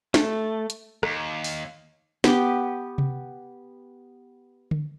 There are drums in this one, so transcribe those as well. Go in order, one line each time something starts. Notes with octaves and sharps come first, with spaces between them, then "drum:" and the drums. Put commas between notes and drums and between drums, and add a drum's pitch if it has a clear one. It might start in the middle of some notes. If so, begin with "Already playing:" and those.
A3, drum: snare
drum: hi-hat
D#2, drum: rim click
drum: open hi-hat
B3 G4, drum: snare
drum: tom C3
drum: tom D3